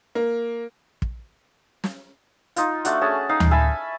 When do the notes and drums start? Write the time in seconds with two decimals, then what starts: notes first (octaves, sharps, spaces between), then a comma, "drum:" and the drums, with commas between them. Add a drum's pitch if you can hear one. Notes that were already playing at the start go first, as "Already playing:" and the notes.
0.15 A#3
1.02 drum: kick
1.84 drum: snare
2.56 D#4 F4, drum: hi-hat
2.85 A3 D4 F#4, drum: hi-hat
3.01 C#4 G#4 A5
3.29 D#4 F5
3.40 drum: tom D2
3.51 E5 G#5 A5 B5